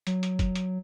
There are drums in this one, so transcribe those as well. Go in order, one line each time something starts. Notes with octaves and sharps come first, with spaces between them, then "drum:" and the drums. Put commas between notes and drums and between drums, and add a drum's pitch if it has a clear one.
F#3, drum: hi-hat
drum: hi-hat
drum: kick, hi-hat
drum: hi-hat